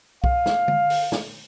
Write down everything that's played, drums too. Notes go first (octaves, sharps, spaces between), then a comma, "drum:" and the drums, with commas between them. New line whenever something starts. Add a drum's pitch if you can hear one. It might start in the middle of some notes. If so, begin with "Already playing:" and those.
F5, drum: kick B1
drum: snare
drum: tom D3
drum: open hi-hat
drum: snare